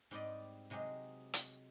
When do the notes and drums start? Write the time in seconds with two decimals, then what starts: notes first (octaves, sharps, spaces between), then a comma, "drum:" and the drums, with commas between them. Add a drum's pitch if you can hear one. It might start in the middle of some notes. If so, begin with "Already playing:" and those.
0.11 G#2 G3 C4 G4 D5 D#5
0.70 C3 F#3 G#3 G4 G#4
1.34 drum: hi-hat